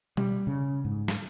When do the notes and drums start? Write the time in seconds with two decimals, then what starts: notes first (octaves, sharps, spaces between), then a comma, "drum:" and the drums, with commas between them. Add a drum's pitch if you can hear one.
0.17 G3, drum: tom B2
0.47 C#3
0.85 G#2
1.08 drum: snare